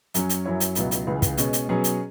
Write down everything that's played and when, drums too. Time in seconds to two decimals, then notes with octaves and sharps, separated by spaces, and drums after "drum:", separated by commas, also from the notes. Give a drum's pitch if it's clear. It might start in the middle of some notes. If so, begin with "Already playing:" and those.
0.14 F#2 F#3 C#4, drum: hi-hat
0.29 drum: hi-hat
0.45 F#2 F#3 E4 C#5
0.60 drum: hi-hat
0.75 C#2 B2 F#3 E4, drum: hi-hat
0.91 drum: hi-hat
1.07 C#2 C#3 E3
1.22 drum: kick, hi-hat
1.38 B2 G#3 C#4, drum: hi-hat
1.53 drum: hi-hat
1.68 B2 F#3 C#4 G#4 B4
1.84 drum: hi-hat